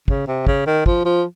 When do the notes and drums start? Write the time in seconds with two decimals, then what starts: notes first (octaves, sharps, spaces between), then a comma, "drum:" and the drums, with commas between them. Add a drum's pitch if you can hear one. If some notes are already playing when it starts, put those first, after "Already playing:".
0.08 C#3, drum: kick
0.27 C3
0.47 C#3, drum: kick
0.66 D#3
0.86 F3, drum: kick
1.05 F3